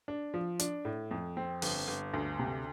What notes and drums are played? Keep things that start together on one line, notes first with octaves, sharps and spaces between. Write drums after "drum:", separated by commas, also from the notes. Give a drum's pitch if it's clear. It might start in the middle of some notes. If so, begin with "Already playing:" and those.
D4
F3
D4, drum: hi-hat
A2
F2
C4
G1, drum: open hi-hat
G1
D2
C3